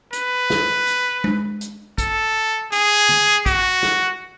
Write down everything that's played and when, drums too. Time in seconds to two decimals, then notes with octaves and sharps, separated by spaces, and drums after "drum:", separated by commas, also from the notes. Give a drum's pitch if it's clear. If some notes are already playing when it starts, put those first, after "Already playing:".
0.13 B4, drum: hi-hat
0.50 drum: snare
0.87 drum: hi-hat
1.24 drum: tom G#3
1.61 drum: hi-hat
1.98 A4, drum: kick, hi-hat
2.72 G#4, drum: hi-hat
3.09 drum: tom D3
3.46 F#4, drum: kick, hi-hat
3.83 drum: snare